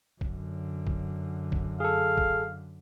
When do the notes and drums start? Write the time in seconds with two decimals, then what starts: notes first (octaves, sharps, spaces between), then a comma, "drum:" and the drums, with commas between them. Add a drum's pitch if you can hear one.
0.21 F#2 D3, drum: kick
0.87 drum: kick
1.52 drum: kick
1.80 G#4 A4 F5
2.18 drum: kick